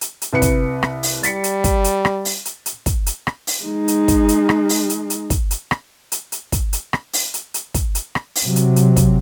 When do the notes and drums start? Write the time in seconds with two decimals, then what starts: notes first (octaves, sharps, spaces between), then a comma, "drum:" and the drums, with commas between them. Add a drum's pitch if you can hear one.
0.01 drum: hi-hat
0.22 drum: hi-hat
0.33 C2 B4 C#7
0.42 drum: kick, hi-hat
0.83 drum: rim click
1.03 drum: open hi-hat
1.23 G3 A6 B6 C#7, drum: hi-hat
1.44 drum: hi-hat
1.64 drum: kick, hi-hat
1.84 drum: hi-hat
2.05 drum: rim click
2.25 drum: open hi-hat
2.45 drum: hi-hat
2.66 drum: hi-hat
2.86 drum: kick, hi-hat
3.06 drum: hi-hat
3.27 drum: rim click
3.47 drum: open hi-hat
3.64 G#3 D#4
3.88 drum: hi-hat
4.08 drum: kick, hi-hat
4.29 drum: hi-hat
4.49 drum: rim click
4.69 drum: open hi-hat
4.90 drum: hi-hat
5.10 drum: hi-hat
5.30 drum: kick, hi-hat
5.51 drum: hi-hat
5.71 drum: rim click
6.12 drum: hi-hat
6.32 drum: hi-hat
6.52 drum: kick, hi-hat
6.73 drum: hi-hat
6.93 drum: rim click
7.13 drum: open hi-hat
7.34 drum: hi-hat
7.54 drum: hi-hat
7.74 drum: kick, hi-hat
7.95 drum: hi-hat
8.15 drum: rim click
8.35 drum: open hi-hat
8.45 C3 F#3
8.56 drum: hi-hat
8.76 drum: hi-hat
8.97 drum: kick, hi-hat